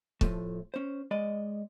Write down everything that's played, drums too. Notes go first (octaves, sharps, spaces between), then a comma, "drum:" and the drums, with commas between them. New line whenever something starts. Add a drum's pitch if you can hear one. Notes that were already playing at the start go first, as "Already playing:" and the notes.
A2 F3 A3, drum: kick C#1
C#4 C5
G#3 D5 D#5